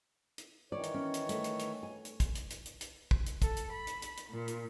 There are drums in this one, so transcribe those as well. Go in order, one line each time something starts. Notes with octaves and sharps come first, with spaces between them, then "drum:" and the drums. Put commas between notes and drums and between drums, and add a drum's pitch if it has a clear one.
drum: hi-hat
D#3 E3 C#5 D5
drum: hi-hat
C#4
drum: hi-hat
A3, drum: hi-hat
drum: hi-hat
drum: hi-hat
G#5
drum: hi-hat
drum: kick, hi-hat
drum: hi-hat
drum: hi-hat
drum: hi-hat
drum: hi-hat
drum: kick
drum: hi-hat
A4, drum: kick, hi-hat
drum: hi-hat
B5
drum: hi-hat
drum: hi-hat
drum: hi-hat
A#2
drum: hi-hat